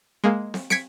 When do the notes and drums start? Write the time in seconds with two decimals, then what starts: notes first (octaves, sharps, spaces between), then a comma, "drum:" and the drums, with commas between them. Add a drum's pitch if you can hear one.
0.24 G#3 A#3
0.54 drum: snare
0.70 G#6 B6 C#7 D7, drum: snare